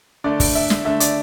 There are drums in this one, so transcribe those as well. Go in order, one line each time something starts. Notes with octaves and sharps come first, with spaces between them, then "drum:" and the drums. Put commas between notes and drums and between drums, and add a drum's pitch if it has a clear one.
D3 A3 D5
drum: kick, open hi-hat
E5
drum: snare
D3 A3 E5
D5, drum: hi-hat